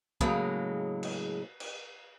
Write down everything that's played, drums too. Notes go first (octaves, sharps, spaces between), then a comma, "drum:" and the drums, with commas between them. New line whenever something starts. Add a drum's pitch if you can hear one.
A2 C#3 F#3 G#3 A#3, drum: kick
drum: cymbal
drum: cymbal